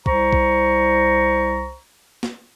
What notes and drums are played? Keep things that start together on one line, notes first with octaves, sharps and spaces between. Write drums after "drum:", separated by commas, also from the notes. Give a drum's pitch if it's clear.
C2 C5 A#5 C#6, drum: kick B1
drum: kick B1
drum: snare